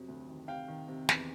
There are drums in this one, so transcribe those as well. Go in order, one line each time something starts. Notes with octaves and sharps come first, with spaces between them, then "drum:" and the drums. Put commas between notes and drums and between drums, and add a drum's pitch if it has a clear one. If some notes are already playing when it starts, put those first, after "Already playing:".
Already playing: F2 C3 F#3
D2
D#3
C3 F5 G5
D#3
C3
E2, drum: snare